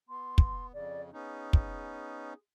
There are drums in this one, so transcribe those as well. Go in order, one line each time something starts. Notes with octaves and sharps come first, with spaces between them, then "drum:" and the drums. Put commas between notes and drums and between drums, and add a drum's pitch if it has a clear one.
B3 C6
drum: kick
F2 C#3 D5
B3 C#4 D#4 G#4
drum: kick